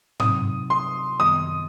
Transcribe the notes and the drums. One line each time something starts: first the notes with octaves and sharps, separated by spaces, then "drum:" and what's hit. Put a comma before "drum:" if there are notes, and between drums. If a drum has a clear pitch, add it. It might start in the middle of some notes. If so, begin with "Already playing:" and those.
C3 F#3 C4 D#4 D#6, drum: tom G#2
C6
F#2 D#3 G3 B3 D#6